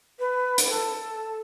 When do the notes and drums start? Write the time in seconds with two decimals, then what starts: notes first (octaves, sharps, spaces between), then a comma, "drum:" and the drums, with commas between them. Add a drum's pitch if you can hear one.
0.19 B4
0.58 drum: hi-hat
0.68 A4